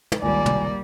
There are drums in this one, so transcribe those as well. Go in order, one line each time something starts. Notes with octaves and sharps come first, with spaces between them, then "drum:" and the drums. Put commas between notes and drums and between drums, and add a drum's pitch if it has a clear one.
drum: tom
G#1 C#2 G3 A#3 D5 G#5
drum: tom